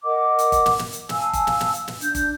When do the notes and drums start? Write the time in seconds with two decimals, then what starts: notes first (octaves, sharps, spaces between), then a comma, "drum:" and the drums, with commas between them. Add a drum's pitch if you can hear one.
0.04 A#4 D#5 F#5 D6
0.39 drum: hi-hat
0.52 drum: kick, hi-hat
0.66 drum: snare
0.79 drum: snare
0.93 drum: hi-hat
1.09 F5 G#5 A5 E6, drum: snare
1.33 drum: kick, hi-hat
1.47 drum: snare
1.60 drum: snare
1.74 drum: hi-hat
1.88 drum: snare
2.01 D4 G6, drum: hi-hat
2.15 drum: kick, hi-hat